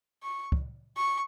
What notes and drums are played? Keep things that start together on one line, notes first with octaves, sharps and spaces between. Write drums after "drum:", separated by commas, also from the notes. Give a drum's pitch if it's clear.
C#6
drum: kick
C#6